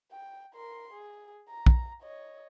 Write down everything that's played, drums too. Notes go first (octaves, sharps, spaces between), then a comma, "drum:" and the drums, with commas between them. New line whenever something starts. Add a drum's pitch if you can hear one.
G5
A#4 C6
G#4
A#5
drum: kick
C#5 D#5